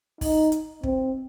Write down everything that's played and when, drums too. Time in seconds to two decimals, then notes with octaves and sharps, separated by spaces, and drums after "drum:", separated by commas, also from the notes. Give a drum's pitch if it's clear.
0.21 D#4, drum: kick, open hi-hat
0.52 drum: hi-hat
0.84 C4, drum: kick